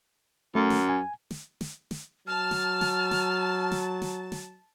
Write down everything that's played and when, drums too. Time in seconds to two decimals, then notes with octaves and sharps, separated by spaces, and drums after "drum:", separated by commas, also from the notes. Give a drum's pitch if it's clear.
0.55 F#2 A3
0.70 drum: snare
0.89 G#5
1.31 drum: snare
1.61 drum: snare
1.91 drum: snare
2.27 F#3 A5 F6
2.51 drum: snare
2.81 drum: snare
3.11 drum: snare
3.72 drum: snare
4.02 drum: snare
4.32 drum: snare